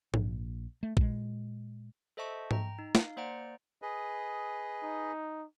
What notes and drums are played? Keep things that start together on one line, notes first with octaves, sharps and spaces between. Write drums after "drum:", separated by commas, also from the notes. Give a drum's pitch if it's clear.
A#1, drum: tom G#2
A3
A#2 G#3, drum: kick
A4 C5 D#5 E5 A5 C#6
G5 A#5, drum: tom G#2
D#4
F5, drum: snare
A#3 C5 D5 F#5 A#5 D7
G#4 B4 D#5
D#4